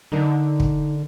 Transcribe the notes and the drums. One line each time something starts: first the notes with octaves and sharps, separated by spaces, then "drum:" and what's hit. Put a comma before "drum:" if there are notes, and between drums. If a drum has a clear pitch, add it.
D3 D4 D#4 A#4
drum: kick